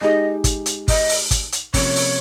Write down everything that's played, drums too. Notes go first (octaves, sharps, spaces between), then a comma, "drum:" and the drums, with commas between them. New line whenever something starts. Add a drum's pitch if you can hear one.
G#3 D#4 G4 D#5
drum: kick, hi-hat
drum: hi-hat
D#5, drum: kick, open hi-hat
drum: open hi-hat
drum: kick, hi-hat
drum: hi-hat
C3 F3 A#3 C#4 C#5, drum: kick, open hi-hat
drum: open hi-hat